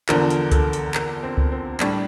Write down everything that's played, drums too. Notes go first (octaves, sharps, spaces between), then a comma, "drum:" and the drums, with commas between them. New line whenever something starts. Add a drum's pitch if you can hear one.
E2 D3 F3 A#4, drum: clap
drum: hi-hat
A4, drum: kick C#2, hi-hat
drum: hi-hat
A#4, drum: clap
C4
drum: kick C#2
C4
A2 G3 D4, drum: clap